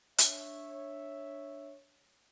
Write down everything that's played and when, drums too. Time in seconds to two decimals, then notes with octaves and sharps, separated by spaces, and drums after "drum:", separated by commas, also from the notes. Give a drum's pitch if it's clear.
0.18 D4 C#5 E5, drum: hi-hat